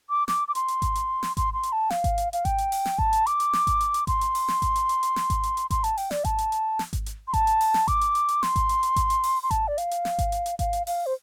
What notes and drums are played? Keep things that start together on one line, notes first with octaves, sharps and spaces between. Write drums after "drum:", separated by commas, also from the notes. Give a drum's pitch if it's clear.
D6
D6, drum: snare
D6
C6, drum: hi-hat
drum: hi-hat
drum: kick G#1, hi-hat
drum: hi-hat
drum: snare
C6, drum: kick G#1, hi-hat
C6
drum: hi-hat
A5
F5, drum: snare
drum: kick G#1, hi-hat
drum: hi-hat
F5, drum: hi-hat
G5, drum: kick G#1, hi-hat
drum: hi-hat
drum: open hi-hat
drum: snare
A5, drum: kick G#1
drum: hi-hat
D6, drum: hi-hat
drum: hi-hat
drum: snare
drum: kick G#1, hi-hat
drum: hi-hat
drum: hi-hat
C6, drum: kick G#1, hi-hat
drum: hi-hat
drum: open hi-hat
drum: snare
drum: kick G#1, hi-hat
drum: hi-hat
drum: hi-hat
drum: hi-hat
drum: snare
drum: kick G#1, hi-hat
drum: hi-hat
drum: hi-hat
C6, drum: kick G#1, hi-hat
A5, drum: hi-hat
G5, drum: open hi-hat
D5, drum: snare
A5, drum: kick G#1, hi-hat
drum: hi-hat
drum: hi-hat
drum: snare
drum: kick G#1, hi-hat
drum: hi-hat
C6
A5, drum: kick G#1, hi-hat
drum: hi-hat
drum: open hi-hat
drum: snare
D6, drum: kick G#1, hi-hat
drum: hi-hat
drum: hi-hat
drum: hi-hat
C6, drum: snare
drum: kick G#1, hi-hat
drum: hi-hat
drum: hi-hat
drum: kick G#1, hi-hat
drum: hi-hat
drum: open hi-hat
C6
A5, drum: kick G#1, hi-hat
D5
F5, drum: hi-hat
drum: hi-hat
drum: snare
drum: kick G#1, hi-hat
drum: hi-hat
drum: hi-hat
F5, drum: kick G#1, hi-hat
drum: hi-hat
F5, drum: open hi-hat
C5